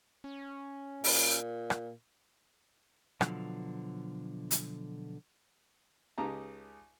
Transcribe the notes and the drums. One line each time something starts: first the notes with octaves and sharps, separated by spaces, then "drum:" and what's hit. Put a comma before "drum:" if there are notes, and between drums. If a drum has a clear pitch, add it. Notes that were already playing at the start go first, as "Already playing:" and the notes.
C#4
A#2, drum: open hi-hat
drum: rim click
B2 D3 F3 F#3, drum: rim click
drum: hi-hat
C#2 C#3 D#4 G4 A5 A#5